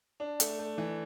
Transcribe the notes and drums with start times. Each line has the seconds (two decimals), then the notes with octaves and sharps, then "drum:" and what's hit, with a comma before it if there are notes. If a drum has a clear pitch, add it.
0.20 D4
0.40 A3, drum: hi-hat
0.59 A3
0.78 E3